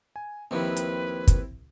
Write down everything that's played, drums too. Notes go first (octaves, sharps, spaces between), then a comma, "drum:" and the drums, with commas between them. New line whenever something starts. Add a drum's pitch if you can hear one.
G#5
D#2 D#3 F3 C4 E4 B4
drum: hi-hat
drum: kick, hi-hat